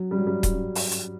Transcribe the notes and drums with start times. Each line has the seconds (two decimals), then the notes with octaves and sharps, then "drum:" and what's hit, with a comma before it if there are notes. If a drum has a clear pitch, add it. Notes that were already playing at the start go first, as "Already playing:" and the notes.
Already playing: F#3
0.11 G3
0.18 F#3
0.27 G3
0.43 drum: kick D#1, hi-hat
0.75 drum: open hi-hat
0.91 drum: hi-hat